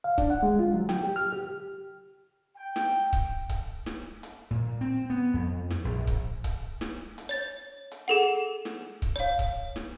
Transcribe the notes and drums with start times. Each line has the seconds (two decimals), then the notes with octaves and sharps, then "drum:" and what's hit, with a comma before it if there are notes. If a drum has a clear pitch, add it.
0.04 F5
0.18 D4, drum: kick C#1
0.30 F#5
0.43 G#3
0.59 F4
0.74 F#3
0.89 G5, drum: snare
1.03 G4
1.16 F6
1.32 G4
2.57 G5
2.76 drum: snare
3.13 drum: kick C#1
3.49 drum: kick C#1, hi-hat
3.86 drum: snare
4.23 drum: hi-hat
4.51 A#2
4.81 C4
5.10 B3
5.34 F2
5.70 drum: snare
5.84 A#1
6.07 drum: kick C#1
6.44 drum: kick C#1, hi-hat
6.81 drum: snare
7.18 drum: hi-hat
7.29 C#5 A6
7.92 drum: hi-hat
8.08 G#4 A4 F#5
8.65 drum: snare
9.02 drum: kick C#1
9.16 C#5 F5
9.39 drum: kick C#1, hi-hat
9.76 drum: snare